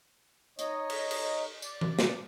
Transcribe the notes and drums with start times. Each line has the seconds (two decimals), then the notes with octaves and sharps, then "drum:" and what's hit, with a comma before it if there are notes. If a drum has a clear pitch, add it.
0.59 D#4 C#5 D#5, drum: hi-hat
0.90 drum: cymbal
1.11 drum: cymbal
1.62 D5, drum: tambourine
1.81 drum: tom E3
1.99 drum: snare